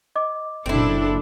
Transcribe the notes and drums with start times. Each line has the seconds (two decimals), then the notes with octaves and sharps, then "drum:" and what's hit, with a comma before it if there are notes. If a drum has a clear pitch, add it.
0.16 D#5 D6
0.66 F#1 C4 D4 E4 A4
0.76 drum: tom A2